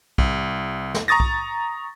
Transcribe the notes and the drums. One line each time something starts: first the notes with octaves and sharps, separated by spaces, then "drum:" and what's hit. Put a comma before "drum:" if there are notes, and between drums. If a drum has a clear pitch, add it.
C2, drum: kick B1
drum: snare
A#5 C#6 D#6 A6 A#6
drum: kick B1